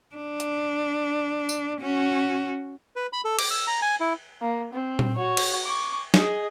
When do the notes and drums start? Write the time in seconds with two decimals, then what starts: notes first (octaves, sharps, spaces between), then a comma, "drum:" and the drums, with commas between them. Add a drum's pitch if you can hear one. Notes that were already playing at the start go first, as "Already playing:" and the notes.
0.16 D4
0.40 drum: hi-hat
1.49 drum: tambourine
1.81 C#4 F#4
2.96 B4
3.13 B5
3.25 A4
3.39 D6, drum: cymbal
3.51 E6
3.67 A#5
3.82 G#5
4.00 E4
4.42 A#3
4.73 C4
4.99 drum: tom A#2
5.16 F#4 C#5
5.37 drum: cymbal
5.65 C#6 D6
6.14 G#4 D#5, drum: snare